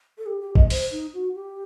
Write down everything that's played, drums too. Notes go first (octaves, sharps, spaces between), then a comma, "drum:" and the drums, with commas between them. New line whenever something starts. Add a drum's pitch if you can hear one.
A4
G4
G4
D#5, drum: kick
C5, drum: open hi-hat
D#4
F#4
G4